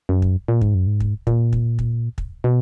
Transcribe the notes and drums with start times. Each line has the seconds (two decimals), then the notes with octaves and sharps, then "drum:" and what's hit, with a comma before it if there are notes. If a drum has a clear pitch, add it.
0.09 F#2
0.22 drum: kick
0.48 A#2
0.61 G#2, drum: kick
0.75 F#2
0.87 G#2
1.00 drum: kick
1.27 A#2, drum: kick
1.53 drum: kick
1.79 drum: kick
2.18 drum: kick
2.44 B2